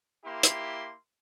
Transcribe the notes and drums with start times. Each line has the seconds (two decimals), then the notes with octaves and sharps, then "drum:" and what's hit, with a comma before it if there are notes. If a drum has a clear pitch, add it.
0.25 A#3 E4 G4 C6
0.43 drum: hi-hat